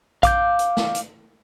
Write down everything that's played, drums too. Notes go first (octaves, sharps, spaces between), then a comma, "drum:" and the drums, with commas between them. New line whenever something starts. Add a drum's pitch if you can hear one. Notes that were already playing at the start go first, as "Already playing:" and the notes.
F5 D6 G6, drum: kick A#1, hi-hat
drum: hi-hat
drum: snare
drum: hi-hat